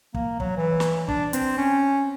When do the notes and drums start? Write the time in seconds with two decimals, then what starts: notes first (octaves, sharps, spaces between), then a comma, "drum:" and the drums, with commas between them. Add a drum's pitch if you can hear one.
0.14 A#3, drum: kick
0.40 F#3, drum: kick
0.58 E3
0.80 drum: snare
1.08 D4, drum: kick
1.33 C4, drum: hi-hat
1.58 C#4